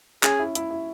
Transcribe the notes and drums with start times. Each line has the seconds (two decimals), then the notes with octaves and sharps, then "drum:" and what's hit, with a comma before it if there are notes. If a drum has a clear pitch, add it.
0.23 C#4 G#4, drum: clap
0.39 E4
0.55 E4, drum: hi-hat
0.71 E4